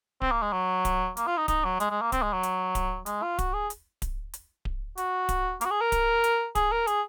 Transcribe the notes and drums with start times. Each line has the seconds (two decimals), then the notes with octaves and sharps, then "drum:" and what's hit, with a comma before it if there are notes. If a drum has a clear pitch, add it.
0.22 C4, drum: kick D1
0.32 A#3
0.42 G#3
0.53 F#3
0.85 drum: kick D1, hi-hat
1.17 A#3, drum: hi-hat
1.27 F4
1.37 D#4
1.48 D#4, drum: kick D1, hi-hat
1.65 F#3
1.80 G#3, drum: hi-hat
1.90 G#3
2.02 A#3
2.12 C4, drum: kick D1, hi-hat
2.22 G#3
2.33 F#3
2.43 drum: hi-hat
2.75 drum: kick D1, hi-hat
3.06 G#3, drum: hi-hat
3.23 F4
3.39 F#4, drum: kick D1, hi-hat
3.54 G#4
3.70 drum: hi-hat
4.02 drum: kick D1, hi-hat
4.34 drum: hi-hat
4.65 drum: kick D1
4.98 F#4, drum: hi-hat
5.29 drum: kick D1, hi-hat
5.61 A#3, drum: hi-hat
5.65 F#4
5.71 G#4
5.81 A#4
5.92 drum: kick D1, hi-hat
6.24 drum: hi-hat
6.55 G#4, drum: kick D1, hi-hat
6.72 A#4
6.87 G#4, drum: hi-hat